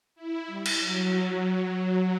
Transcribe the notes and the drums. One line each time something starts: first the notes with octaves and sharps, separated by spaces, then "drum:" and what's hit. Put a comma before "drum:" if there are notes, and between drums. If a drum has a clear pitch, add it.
E4
G3
drum: cymbal
F#3